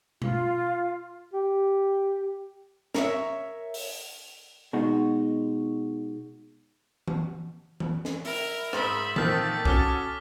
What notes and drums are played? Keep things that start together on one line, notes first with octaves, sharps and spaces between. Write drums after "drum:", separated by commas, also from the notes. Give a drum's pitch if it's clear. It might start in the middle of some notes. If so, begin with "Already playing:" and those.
F4, drum: tom B2
G4
A#4 C#5 E5, drum: snare
drum: open hi-hat
B2 G#3 D#4 F#4
drum: tom E3
drum: tom E3
drum: snare
E4 A#4, drum: open hi-hat
G#2 A#4 E5 B5 C6 D#6 A6, drum: rim click
A#2 D#3 C4 A4 A6 B6, drum: tom E3
C#4 F#4 D6 F6 G7, drum: kick